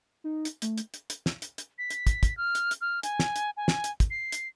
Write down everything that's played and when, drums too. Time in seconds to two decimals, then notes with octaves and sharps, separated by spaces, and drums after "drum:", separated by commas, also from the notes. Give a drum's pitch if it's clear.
0.24 D#4
0.45 drum: hi-hat
0.62 A3, drum: hi-hat
0.78 drum: hi-hat
0.94 drum: hi-hat
1.10 drum: hi-hat
1.26 drum: snare
1.42 drum: hi-hat
1.58 drum: hi-hat
1.78 B6
1.90 drum: hi-hat
2.07 drum: kick, hi-hat
2.23 drum: kick, hi-hat
2.37 F6
2.55 drum: hi-hat
2.71 drum: hi-hat
2.81 F6
3.03 G#5, drum: hi-hat
3.19 drum: snare
3.36 drum: hi-hat
3.57 G#5
3.68 drum: snare
3.84 drum: hi-hat
4.00 drum: kick, hi-hat
4.10 C7
4.32 drum: hi-hat